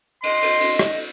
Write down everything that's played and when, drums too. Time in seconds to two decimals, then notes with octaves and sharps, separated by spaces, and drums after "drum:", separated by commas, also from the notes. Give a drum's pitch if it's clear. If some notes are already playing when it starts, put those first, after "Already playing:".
0.23 D#5 C6, drum: cymbal
0.42 drum: cymbal
0.61 drum: cymbal
0.79 drum: rim click